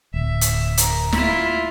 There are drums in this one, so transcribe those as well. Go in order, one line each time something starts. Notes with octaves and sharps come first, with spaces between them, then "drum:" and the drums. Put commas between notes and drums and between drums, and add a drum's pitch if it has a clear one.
D1 E5
drum: hi-hat
A#4, drum: hi-hat
E4 F4, drum: snare